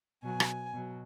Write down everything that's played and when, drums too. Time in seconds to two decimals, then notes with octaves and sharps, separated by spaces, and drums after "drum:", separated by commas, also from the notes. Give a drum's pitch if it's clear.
0.23 B2 F#3 G#5
0.40 drum: rim click
0.73 B2 F#3